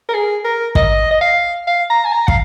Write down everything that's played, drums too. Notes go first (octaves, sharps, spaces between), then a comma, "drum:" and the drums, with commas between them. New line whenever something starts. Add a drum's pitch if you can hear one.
A#4
G#4
A#4
D#5, drum: kick
D#5
F5
F5
A#5
G#5
A#5
F5, drum: kick